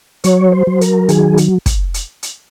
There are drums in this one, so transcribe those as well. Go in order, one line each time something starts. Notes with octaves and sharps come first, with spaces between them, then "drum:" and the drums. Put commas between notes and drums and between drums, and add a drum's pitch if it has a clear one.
F#3 C#5, drum: hi-hat
C5
F#3
A#4, drum: hi-hat
D#3 G#4, drum: hi-hat
drum: hi-hat
drum: kick, hi-hat
drum: hi-hat
drum: hi-hat